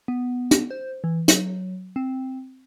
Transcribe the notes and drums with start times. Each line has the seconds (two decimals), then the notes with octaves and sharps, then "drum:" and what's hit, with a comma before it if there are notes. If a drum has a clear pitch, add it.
0.08 B3
0.51 drum: hi-hat
0.71 C5
1.04 E3
1.28 F#3, drum: hi-hat
1.96 C4